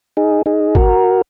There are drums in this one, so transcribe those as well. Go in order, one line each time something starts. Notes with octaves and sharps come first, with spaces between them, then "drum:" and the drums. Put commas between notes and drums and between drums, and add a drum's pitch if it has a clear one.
D#4 G#4
D#4 G#4
F#4 A#4, drum: kick G#1